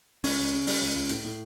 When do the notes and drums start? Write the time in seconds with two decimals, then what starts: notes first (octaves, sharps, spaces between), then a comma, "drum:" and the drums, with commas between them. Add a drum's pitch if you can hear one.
0.24 C#2 C#4, drum: open hi-hat
0.38 C#2
0.53 C#3
0.67 G3, drum: open hi-hat
0.81 C#2
0.95 C#2
1.09 A2, drum: hi-hat
1.25 A2